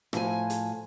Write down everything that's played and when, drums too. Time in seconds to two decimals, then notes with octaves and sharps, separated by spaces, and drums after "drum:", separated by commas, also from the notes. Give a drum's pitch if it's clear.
0.13 A2 F3 G#5, drum: rim click
0.50 drum: hi-hat